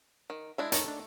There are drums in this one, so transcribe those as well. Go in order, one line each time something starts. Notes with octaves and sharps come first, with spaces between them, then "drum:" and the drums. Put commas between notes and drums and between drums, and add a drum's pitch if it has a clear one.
D#3
G#3 D4 E4
A3 D#4 A#4 C#5 D#5 A5, drum: hi-hat
D4